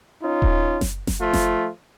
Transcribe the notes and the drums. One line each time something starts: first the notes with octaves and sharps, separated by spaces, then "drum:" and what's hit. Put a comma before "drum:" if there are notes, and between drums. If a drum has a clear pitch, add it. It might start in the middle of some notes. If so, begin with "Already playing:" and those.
C#4 D#4 F4
drum: kick D#1
drum: snare F#1
drum: snare F#1
F3 A3 F4
drum: snare F#1